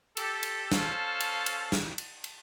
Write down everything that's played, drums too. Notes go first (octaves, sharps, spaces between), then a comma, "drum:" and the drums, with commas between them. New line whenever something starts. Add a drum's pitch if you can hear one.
G4 A4, drum: cymbal
drum: cymbal
C#4 A4 C5 F5 A5, drum: snare
drum: cymbal
drum: cymbal
drum: snare
drum: cymbal
drum: cymbal